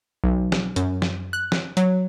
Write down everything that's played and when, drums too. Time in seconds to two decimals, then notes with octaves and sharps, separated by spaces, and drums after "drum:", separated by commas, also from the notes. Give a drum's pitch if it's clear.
0.24 B1
0.52 drum: snare
0.76 F#2, drum: hi-hat
1.02 drum: snare
1.33 F#6
1.52 drum: snare
1.77 F#3, drum: hi-hat